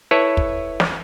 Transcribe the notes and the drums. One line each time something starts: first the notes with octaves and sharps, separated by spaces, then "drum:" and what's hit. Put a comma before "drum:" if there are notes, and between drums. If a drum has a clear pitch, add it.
E4 A4 B4 C#5
drum: kick
drum: snare